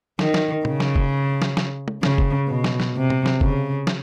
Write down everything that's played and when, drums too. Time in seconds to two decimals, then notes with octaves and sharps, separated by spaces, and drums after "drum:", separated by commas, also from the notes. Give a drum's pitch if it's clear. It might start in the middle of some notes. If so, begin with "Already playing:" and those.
0.19 D#3, drum: snare
0.34 drum: snare
0.65 C#3, drum: tom
0.80 drum: snare
0.96 drum: kick
1.42 drum: snare
1.57 drum: snare
1.88 drum: tom
2.03 C#3, drum: snare
2.18 drum: kick
2.49 B2
2.64 drum: snare
2.80 drum: snare
2.95 C3
3.10 drum: tom
3.26 drum: snare
3.41 C#3, drum: kick
3.87 drum: snare